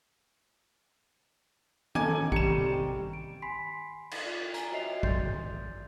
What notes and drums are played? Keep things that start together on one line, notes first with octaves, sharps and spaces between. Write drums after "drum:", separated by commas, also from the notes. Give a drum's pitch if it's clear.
C#3 C#4 D#4 A4 G#5 D6 G#6, drum: tom D#3
C3 G3 G4 A#5 C#6 C#7 E7, drum: kick A#1
D7
G#5 B5 C6 B6 C7
drum: cymbal
F4 D5
G#5 A#5, drum: hi-hat
F#4 C#5 D#5 E5 C7 F7
D5 C6 G6 A6, drum: kick A#1